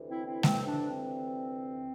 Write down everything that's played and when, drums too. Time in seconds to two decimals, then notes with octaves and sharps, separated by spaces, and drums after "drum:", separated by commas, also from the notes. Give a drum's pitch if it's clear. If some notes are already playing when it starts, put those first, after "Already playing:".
Already playing: D2 C3 E3
0.09 C4 E4
0.26 C4 E4
0.43 C4, drum: snare G#3
0.66 D4
0.88 C4